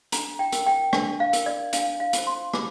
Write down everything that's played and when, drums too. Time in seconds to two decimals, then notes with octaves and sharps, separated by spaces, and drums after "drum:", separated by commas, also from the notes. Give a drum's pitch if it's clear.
0.12 D4 A#5, drum: hi-hat
0.39 G5
0.52 A#4, drum: hi-hat
0.66 G5
0.93 D4, drum: rim click
1.20 F5
1.33 A#4, drum: hi-hat
1.46 D5
1.73 D4 F5, drum: hi-hat
2.00 F5
2.13 F4 C5, drum: hi-hat
2.27 C6
2.54 F4 D6, drum: rim click